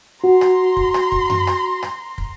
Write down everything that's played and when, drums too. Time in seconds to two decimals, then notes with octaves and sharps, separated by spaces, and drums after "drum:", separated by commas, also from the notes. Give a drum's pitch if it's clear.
0.24 F#4 A#5 C6
0.41 drum: rim click
0.77 drum: kick
0.94 drum: rim click
1.12 drum: kick
1.30 drum: tom F#2
1.47 drum: rim click
1.83 drum: rim click
2.18 drum: kick